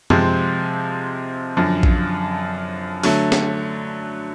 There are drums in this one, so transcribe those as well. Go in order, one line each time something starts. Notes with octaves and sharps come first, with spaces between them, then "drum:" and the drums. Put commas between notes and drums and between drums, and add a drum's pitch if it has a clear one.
C3 F3 G#3 C4, drum: tom F#2
F#2 D3 F3
drum: kick A#1
D3 F#3 A3, drum: open hi-hat
drum: snare